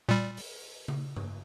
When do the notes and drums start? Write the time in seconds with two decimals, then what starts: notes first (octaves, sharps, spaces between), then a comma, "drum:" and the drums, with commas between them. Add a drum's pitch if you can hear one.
0.09 A#2 G3
0.37 drum: open hi-hat
0.88 drum: tom C#3
1.16 drum: tom G2